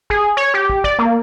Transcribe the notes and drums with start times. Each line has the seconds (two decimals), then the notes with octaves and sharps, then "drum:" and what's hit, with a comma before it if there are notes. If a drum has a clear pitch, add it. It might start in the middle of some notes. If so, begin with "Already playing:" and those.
0.10 G#4, drum: kick
0.37 C#5
0.54 G4
0.70 drum: kick
0.84 D5, drum: kick
0.99 A#3